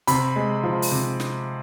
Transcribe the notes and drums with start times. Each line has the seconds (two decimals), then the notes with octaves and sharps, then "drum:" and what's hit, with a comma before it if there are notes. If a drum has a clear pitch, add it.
0.07 C3 B5, drum: hi-hat
0.36 G#3
0.63 F3
0.82 drum: open hi-hat
0.91 C3
1.20 drum: snare